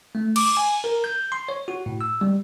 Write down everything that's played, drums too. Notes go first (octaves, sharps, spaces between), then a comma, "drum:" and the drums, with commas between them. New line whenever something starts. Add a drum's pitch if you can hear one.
A3
D6, drum: cymbal
G#5
A#4
G6
C6
C#5
F#4
A2
E6
G3